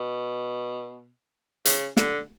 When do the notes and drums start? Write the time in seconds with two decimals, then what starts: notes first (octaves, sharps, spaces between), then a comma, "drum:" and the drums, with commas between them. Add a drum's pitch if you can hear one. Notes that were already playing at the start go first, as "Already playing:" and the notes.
Already playing: B2
1.65 C#3, drum: hi-hat
1.97 D3, drum: snare